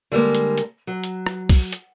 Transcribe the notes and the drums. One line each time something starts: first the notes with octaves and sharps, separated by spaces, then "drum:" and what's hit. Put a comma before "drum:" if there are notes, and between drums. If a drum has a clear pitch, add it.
D3 G3 G#3 A#3
drum: hi-hat
drum: hi-hat
F#3
drum: hi-hat
drum: rim click
drum: kick, open hi-hat
drum: hi-hat